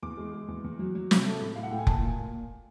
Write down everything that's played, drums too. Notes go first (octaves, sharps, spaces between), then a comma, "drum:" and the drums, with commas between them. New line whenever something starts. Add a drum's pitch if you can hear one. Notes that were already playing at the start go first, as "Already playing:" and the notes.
E2 D6
G#3
G#3
E2
E2
F#3
F#3
C3, drum: snare
A3
A2
A2 F5
F#5
A2 G5
G#5
A#2 A5, drum: kick F1
A#2
G#5
A#2